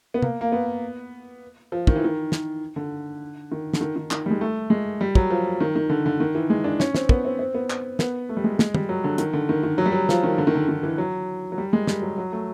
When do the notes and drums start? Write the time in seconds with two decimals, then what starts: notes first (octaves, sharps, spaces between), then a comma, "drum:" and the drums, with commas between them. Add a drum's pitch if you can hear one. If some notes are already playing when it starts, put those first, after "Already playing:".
0.14 B3
0.22 A#3, drum: tom
0.41 A#3
0.52 B3
1.72 F3
1.87 D#3, drum: kick
1.96 E3
2.04 D#3
2.32 drum: snare
2.76 D3
3.52 D#3
3.73 D3, drum: snare
3.81 D#3
3.96 D#3
4.11 D#3, drum: clap
4.26 G3
4.30 G#3
4.41 A3
4.70 G#3
5.01 G3
5.15 F#3, drum: kick
5.30 F3
5.60 D#3
5.76 D#3
5.90 D3
6.06 D3
6.20 D#3
6.35 E3
6.50 G#3
6.64 D4
6.80 C#4, drum: snare
6.95 C4, drum: snare
7.09 B3, drum: kick
7.25 C4
7.39 C4
7.54 B3
7.70 drum: clap
7.99 B3, drum: snare
8.29 A3
8.37 G3
8.44 G#3
8.59 G#3, drum: snare
8.75 G3, drum: tom
8.89 F#3
9.04 D3
9.18 D#3, drum: hi-hat
9.33 D3
9.49 D#3
9.63 D#3
9.78 F#3
9.86 G3
9.92 F#3
10.09 F3, drum: snare
10.24 D#3
10.38 D3
10.47 D#3
10.55 D3
10.68 D#3
10.83 E3
10.98 F#3
11.52 F#3
11.58 G3
11.73 G#3
11.87 G3, drum: snare
12.02 F#3
12.18 F#3
12.32 A3